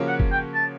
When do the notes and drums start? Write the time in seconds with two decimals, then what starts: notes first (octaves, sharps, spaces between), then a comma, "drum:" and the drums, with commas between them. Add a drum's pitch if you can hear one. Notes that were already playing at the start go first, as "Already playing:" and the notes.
Already playing: C#3 F3 A#3 C#4 F#4
0.08 F#5
0.20 drum: kick
0.32 G5
0.54 A5